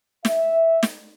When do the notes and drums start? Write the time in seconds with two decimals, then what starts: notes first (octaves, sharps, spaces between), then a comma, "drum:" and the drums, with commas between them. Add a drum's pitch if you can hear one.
0.25 E5, drum: snare
0.83 drum: snare